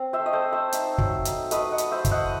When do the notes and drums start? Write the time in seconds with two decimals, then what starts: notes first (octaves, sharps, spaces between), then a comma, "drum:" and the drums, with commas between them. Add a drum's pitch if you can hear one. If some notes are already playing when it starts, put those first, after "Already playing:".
Already playing: C4
0.13 C5 E5
0.19 A3
0.26 D#5
0.33 A4 C5
0.46 A3
0.52 C5 E5
0.72 D#4, drum: hi-hat
0.98 F#3, drum: kick
1.25 D#4, drum: hi-hat
1.51 A3 B4 D#5, drum: hi-hat
1.71 D#5 F#5
1.78 A3, drum: hi-hat
1.91 C5 E5
2.05 E4, drum: kick, hi-hat
2.11 D#5 F#5